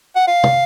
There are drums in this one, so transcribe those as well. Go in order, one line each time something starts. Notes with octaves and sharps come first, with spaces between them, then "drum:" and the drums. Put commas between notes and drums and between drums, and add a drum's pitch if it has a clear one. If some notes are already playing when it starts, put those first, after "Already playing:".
F#5
F5
drum: tom